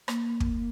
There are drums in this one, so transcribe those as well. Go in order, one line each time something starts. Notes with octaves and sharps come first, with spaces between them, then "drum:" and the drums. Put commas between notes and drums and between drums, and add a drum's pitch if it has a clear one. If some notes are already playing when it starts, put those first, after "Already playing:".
A#3, drum: rim click
drum: kick